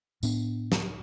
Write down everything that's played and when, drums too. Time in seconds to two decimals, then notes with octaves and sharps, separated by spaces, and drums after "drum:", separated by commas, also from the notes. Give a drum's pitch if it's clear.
0.23 A2 B3 D4, drum: tambourine
0.72 drum: snare